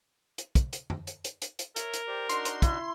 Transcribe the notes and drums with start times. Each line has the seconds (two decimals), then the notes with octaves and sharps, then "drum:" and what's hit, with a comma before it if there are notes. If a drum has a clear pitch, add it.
0.38 drum: hi-hat
0.55 drum: kick, hi-hat
0.73 drum: hi-hat
0.90 drum: tom F#2
1.07 drum: hi-hat
1.24 drum: hi-hat
1.42 drum: hi-hat
1.59 drum: hi-hat
1.76 A#4 C#5 E5, drum: hi-hat
1.93 drum: hi-hat
2.07 G4 C5 D5
2.29 D4 D#4 F#4 C6, drum: hi-hat
2.45 drum: hi-hat
2.62 E4, drum: kick, hi-hat